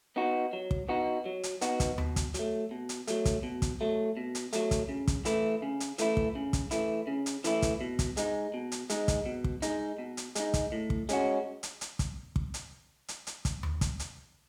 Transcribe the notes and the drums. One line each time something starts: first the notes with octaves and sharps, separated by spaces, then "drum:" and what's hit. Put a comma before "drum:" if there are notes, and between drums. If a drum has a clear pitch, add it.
B3 D#4 F#4
F#3
drum: kick
B3 D#4 F#4
F#3
drum: hi-hat
B3 D#4 F#4, drum: hi-hat
drum: kick, hi-hat
B2, drum: tom D#2
drum: kick, hi-hat
F#3 A3, drum: hi-hat
B2
drum: hi-hat
F#3 A3, drum: hi-hat
drum: kick, hi-hat
B2
drum: kick, hi-hat
F#3 A3
B2
drum: hi-hat
F#3 A3, drum: hi-hat
drum: kick, hi-hat
C#3
drum: kick, hi-hat
E3 A3 E4, drum: hi-hat
C#3
drum: hi-hat
E3 A3 E4, drum: hi-hat
drum: kick
C#3
drum: kick, hi-hat
E3 A3 E4, drum: hi-hat
C#3
drum: hi-hat
E3 A3 E4, drum: hi-hat
drum: kick, hi-hat
B2
drum: kick, hi-hat
G#3 D#4, drum: hi-hat
B2
drum: hi-hat
G#3 D#4, drum: hi-hat
drum: kick, hi-hat
B2
drum: kick
G#3 D#4, drum: hi-hat
B2
drum: hi-hat
G#3 D#4, drum: hi-hat
drum: kick, hi-hat
A2
drum: kick
G#3 C#4 F#4, drum: hi-hat
drum: hi-hat
drum: hi-hat
drum: kick, hi-hat
drum: kick
drum: hi-hat
drum: hi-hat
drum: hi-hat
drum: kick, hi-hat
drum: tom D#2
drum: kick, hi-hat
drum: hi-hat